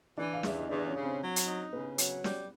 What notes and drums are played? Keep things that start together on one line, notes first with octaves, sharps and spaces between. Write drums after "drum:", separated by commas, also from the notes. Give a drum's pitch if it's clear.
E3 D4 D5
F5
E2 E5, drum: snare
D#5
E2 D4 D5
C#4 C#5
C#3
C4 C5
F#3
drum: hi-hat
D#4
C#3 B3 B4
F#3, drum: hi-hat
G3, drum: snare